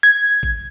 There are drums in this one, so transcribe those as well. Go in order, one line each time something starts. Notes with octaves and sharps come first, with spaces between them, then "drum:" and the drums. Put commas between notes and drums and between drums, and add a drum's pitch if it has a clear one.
G#6
drum: kick A1